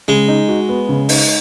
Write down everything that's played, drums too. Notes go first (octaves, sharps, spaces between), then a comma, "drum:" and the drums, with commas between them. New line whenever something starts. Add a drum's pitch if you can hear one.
C#3 G#3
D#4
F#4
B3
C#3
D#4, drum: open hi-hat